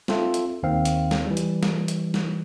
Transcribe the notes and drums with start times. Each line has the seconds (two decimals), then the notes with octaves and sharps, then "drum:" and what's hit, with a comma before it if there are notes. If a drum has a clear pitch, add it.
0.08 C4 F4 A4 E5, drum: snare
0.34 drum: hi-hat
0.63 D#2 D#3 C4 F5
0.85 drum: hi-hat
1.11 drum: snare
1.27 E3 G3
1.37 drum: hi-hat
1.63 drum: snare
1.88 drum: hi-hat
2.14 drum: snare